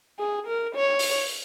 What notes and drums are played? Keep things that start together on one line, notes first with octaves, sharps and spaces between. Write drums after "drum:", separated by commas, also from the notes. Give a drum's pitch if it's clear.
G#4
A#4
C#5
drum: open hi-hat